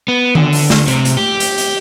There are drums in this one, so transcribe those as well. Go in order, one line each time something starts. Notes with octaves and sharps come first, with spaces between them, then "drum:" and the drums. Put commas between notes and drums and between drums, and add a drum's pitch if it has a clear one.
B3
D3, drum: tom D#3
drum: open hi-hat
drum: snare
C3, drum: hi-hat
drum: hi-hat
G4
drum: hi-hat
drum: hi-hat